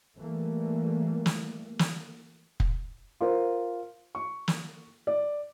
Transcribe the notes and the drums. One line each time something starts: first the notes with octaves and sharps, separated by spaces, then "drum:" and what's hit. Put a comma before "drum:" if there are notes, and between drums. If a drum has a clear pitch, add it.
E3 G3 A3 A#3
drum: snare
drum: snare
drum: kick
F4 A#4 C5
C#6
drum: snare
D5